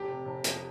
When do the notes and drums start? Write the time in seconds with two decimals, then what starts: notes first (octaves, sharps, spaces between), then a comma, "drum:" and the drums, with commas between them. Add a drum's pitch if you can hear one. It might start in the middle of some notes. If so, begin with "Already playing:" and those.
Already playing: F1 G4
0.08 C3
0.25 F1
0.44 F2, drum: hi-hat